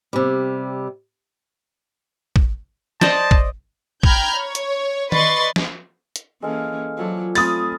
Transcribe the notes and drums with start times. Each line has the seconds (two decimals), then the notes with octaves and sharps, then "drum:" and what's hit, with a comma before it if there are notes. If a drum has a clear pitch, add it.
0.13 C3 G3
2.36 drum: kick
3.01 C5 D5 D#5 A5, drum: snare
3.31 drum: kick
4.03 G5 A#5 B5 F6 G6 G#6, drum: kick
4.36 C#5
4.55 drum: hi-hat
5.12 B4 D5 D#5 C6 C#6 A6, drum: tom D#3
5.56 drum: snare
6.16 drum: hi-hat
6.42 E3 G#3 A#3 C#4 A4 F5
6.98 F3 F#3 A4 D5
7.35 A3 C4 F4 B5 D#6 A6, drum: open hi-hat